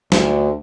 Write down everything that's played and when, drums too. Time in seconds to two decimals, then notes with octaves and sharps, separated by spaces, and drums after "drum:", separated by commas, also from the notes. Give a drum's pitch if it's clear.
0.12 D2, drum: snare